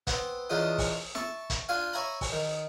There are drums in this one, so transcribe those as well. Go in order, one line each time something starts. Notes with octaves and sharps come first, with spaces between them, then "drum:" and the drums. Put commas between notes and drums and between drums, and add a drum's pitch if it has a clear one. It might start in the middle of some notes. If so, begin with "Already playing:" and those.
B3 C4, drum: kick, hi-hat
E2 C#3 D4 D#4 F4 D#6
drum: kick, open hi-hat
E5 A5 C#6, drum: snare
drum: kick, hi-hat
D4 F4 F5 G#5
C#5 E5 G#5 A#5 B5
drum: kick, open hi-hat
D#3